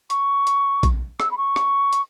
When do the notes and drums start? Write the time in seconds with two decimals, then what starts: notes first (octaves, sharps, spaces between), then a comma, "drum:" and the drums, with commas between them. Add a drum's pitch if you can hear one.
0.10 C#6, drum: hi-hat
0.47 drum: hi-hat
0.83 drum: kick, hi-hat
1.20 E6, drum: rim click
1.31 B5
1.38 C#6
1.56 drum: rim click
1.93 drum: hi-hat